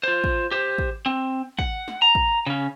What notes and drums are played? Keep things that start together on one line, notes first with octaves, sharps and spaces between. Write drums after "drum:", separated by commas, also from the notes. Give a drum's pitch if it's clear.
F4 C5
drum: kick
G4 C5
drum: kick
C4
F#5, drum: kick
drum: snare
A#5
drum: kick
C#3 C#4